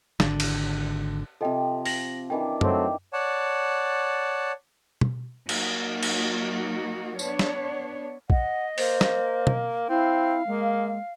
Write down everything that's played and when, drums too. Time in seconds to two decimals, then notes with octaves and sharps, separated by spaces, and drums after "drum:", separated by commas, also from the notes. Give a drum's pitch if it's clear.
0.20 G#1 D3, drum: snare
0.40 drum: cymbal
1.41 C3 F3 A4 D#5 G5
1.86 A#6 F#7, drum: open hi-hat
2.30 D#3 E3 D4 G5
2.61 F#3 A3 C4 G4, drum: tom F#2
3.13 C#5 D5 F#5 A5
5.01 drum: tom
5.49 F#3 A#3 D#4 F#4, drum: cymbal
6.03 drum: cymbal
7.19 B3 D4 C#5, drum: tambourine
7.39 drum: snare
8.30 D#5 F#5, drum: kick
8.78 A#3 C5, drum: open hi-hat
9.01 drum: snare
9.47 drum: tom
9.89 C4 E4 F5
10.47 G#3 A#3